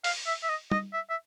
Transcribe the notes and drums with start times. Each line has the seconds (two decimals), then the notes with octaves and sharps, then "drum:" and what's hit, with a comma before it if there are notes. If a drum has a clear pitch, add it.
0.04 F5, drum: open hi-hat
0.27 E5
0.43 E5
0.49 D#5
0.72 D#5, drum: tom
0.93 E5
1.10 E5